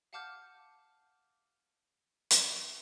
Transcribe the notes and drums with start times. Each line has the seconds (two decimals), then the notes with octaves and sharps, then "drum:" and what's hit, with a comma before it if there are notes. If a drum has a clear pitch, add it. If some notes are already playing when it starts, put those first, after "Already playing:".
0.13 F5 F#5 A5 D6 F6 G6
2.31 drum: hi-hat